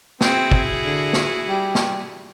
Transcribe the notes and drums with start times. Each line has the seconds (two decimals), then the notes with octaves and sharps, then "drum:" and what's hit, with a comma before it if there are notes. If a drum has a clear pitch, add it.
0.21 C4 E4 F#4 G#4, drum: snare
0.52 drum: kick
0.85 D3
1.13 drum: snare
1.49 G3
1.75 drum: snare